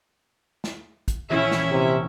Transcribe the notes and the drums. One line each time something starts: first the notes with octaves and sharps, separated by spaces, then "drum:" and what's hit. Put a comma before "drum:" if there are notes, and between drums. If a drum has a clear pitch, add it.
drum: snare
drum: kick, hi-hat
A#1 E3 C#4 E4 E5
drum: snare
C3